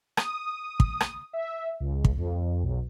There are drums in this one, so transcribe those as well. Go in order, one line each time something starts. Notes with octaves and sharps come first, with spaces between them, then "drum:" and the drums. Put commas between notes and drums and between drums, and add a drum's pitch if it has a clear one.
D#6, drum: rim click
drum: kick
drum: rim click
E5
C#2
drum: kick
F2
B1